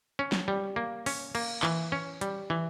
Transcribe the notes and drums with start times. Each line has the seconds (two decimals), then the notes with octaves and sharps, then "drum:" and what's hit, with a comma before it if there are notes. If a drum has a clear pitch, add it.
0.19 C#4
0.32 drum: snare
0.48 G3
0.76 A#3
1.06 C#4, drum: open hi-hat
1.35 A#3, drum: cymbal
1.63 E3, drum: clap
1.92 C#4
2.21 G3, drum: hi-hat
2.50 E3